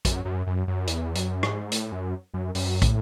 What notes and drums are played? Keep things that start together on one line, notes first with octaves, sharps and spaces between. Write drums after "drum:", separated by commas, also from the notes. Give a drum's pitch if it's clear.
F#2, drum: kick, hi-hat
F#2
F#2
F#2
E2, drum: hi-hat
F#2, drum: hi-hat
G#2, drum: rim click
A2, drum: hi-hat
F#2
F#2
F#2, drum: open hi-hat
A2, drum: kick, hi-hat